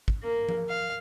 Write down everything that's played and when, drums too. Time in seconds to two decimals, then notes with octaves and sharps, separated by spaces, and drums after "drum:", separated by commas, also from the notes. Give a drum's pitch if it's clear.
0.08 drum: kick
0.23 A#3
0.49 drum: tom F3
0.69 F5